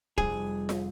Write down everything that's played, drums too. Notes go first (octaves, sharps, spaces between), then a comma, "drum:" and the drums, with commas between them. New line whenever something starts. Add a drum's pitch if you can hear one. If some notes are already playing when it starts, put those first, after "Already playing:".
F1 F2 G3 G#4, drum: kick
drum: snare